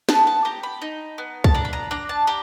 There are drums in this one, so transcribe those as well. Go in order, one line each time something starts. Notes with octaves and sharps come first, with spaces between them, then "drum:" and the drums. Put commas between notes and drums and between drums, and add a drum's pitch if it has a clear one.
B3 A5, drum: snare
A5
G4 A#5
B5
D#4
B3
A5, drum: kick
D4 A#5
B5
A#5
D4 A#5
A5
G4 A#5